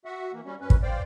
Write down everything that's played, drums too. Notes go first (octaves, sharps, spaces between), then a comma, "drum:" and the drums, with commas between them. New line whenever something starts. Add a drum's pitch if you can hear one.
F#4 E5 F#5
E3 A#3
G3 C#4
F#2 C#4 B4
drum: kick
C5 D5 F5 G5